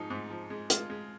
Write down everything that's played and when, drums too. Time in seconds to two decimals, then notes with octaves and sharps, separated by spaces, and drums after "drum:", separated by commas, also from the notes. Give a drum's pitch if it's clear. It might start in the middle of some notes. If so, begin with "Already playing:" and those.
Already playing: G#2 F3 D#4
0.10 G#2
0.30 F3
0.50 G#3
0.70 G#3 F4, drum: hi-hat
0.90 G#3